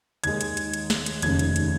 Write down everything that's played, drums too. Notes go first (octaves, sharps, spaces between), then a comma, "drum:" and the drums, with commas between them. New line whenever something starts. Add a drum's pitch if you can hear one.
D#2 D#3 G#3 G#6, drum: hi-hat
drum: hi-hat
drum: hi-hat
drum: hi-hat
drum: snare
drum: hi-hat
F1 D#2 C#3 G#6, drum: hi-hat
drum: hi-hat
drum: hi-hat